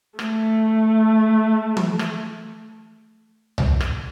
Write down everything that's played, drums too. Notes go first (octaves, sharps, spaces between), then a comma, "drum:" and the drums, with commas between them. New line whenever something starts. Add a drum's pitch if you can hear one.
A3, drum: rim click
drum: tom E3
drum: rim click
drum: tom C2
drum: rim click